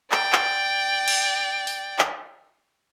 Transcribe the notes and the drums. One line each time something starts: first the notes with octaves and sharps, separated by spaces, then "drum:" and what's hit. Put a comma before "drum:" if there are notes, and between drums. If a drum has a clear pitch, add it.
D5 G5, drum: clap
drum: clap
drum: cymbal
drum: open hi-hat
drum: clap